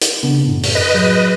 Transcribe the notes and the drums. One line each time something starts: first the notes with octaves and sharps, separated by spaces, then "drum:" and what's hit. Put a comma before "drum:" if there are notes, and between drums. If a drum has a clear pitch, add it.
drum: hi-hat
C#3 B3 D4
F#2 A2
drum: open hi-hat
B4 D#5
F#3 G#4 G6